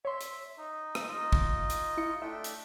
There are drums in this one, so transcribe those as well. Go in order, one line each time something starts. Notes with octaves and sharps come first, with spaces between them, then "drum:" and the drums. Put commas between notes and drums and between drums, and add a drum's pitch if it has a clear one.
C#5 E5 C6
drum: hi-hat
D#4
drum: rim click
D#4 F4 D#5
drum: kick
drum: hi-hat
E4 C#7
A3 D4 E5 G5
drum: hi-hat